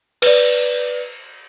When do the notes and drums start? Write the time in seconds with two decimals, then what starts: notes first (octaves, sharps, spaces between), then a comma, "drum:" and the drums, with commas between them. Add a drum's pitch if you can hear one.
0.22 B4 D5, drum: cymbal